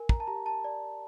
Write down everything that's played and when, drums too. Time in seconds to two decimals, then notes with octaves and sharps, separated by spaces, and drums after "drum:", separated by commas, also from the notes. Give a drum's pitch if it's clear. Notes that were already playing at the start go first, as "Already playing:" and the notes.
Already playing: A#4 G#5
0.09 A#5, drum: kick
0.20 A5
0.27 G4 A#5
0.46 A5
0.64 D5